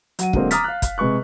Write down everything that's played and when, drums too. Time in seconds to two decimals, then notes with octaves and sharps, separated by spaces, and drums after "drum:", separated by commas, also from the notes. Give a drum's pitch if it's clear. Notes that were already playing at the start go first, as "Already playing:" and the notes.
0.19 F#3 F#5 D#7, drum: hi-hat
0.33 D3 F#3 G#3 A#3 C4, drum: kick
0.51 A#5 D6 D#6 F6 A6 B6, drum: hi-hat
0.64 F5 F#6
0.82 drum: kick, hi-hat
0.98 C3 G#3 B4 C#6 F#6